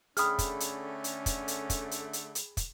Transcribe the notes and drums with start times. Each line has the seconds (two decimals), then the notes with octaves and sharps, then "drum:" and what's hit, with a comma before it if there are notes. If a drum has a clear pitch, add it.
0.17 D3 A3 C#4 G#4 G5 B5 D#6 F6, drum: hi-hat
0.39 drum: kick, hi-hat
0.60 drum: hi-hat
1.04 drum: hi-hat
1.26 drum: kick, hi-hat
1.48 drum: hi-hat
1.70 drum: kick, hi-hat
1.91 drum: hi-hat
2.13 drum: hi-hat
2.35 drum: hi-hat
2.57 drum: kick, hi-hat